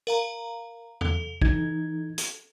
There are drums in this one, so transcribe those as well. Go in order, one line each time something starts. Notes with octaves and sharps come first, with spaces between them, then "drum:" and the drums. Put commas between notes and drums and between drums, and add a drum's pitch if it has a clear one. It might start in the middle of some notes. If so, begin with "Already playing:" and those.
A#4 F5 A#5
A4, drum: tom
E3 D#4 G#6, drum: kick
drum: hi-hat